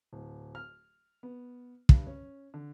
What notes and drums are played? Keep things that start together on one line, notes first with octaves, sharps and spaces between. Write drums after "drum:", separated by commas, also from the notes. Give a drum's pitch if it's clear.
D1
F6
B3
G2, drum: kick
C#4
D3